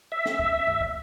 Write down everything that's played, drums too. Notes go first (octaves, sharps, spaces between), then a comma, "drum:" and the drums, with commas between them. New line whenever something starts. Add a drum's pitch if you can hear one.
E5
drum: snare
drum: kick
drum: tom G2
drum: kick